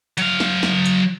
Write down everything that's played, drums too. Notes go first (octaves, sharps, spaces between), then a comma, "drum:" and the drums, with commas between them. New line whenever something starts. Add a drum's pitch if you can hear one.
F#3 F5, drum: hi-hat
drum: snare
drum: snare
drum: hi-hat